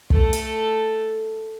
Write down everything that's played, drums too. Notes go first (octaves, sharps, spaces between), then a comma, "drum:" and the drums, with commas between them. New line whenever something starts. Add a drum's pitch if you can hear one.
A3 A4, drum: kick
drum: hi-hat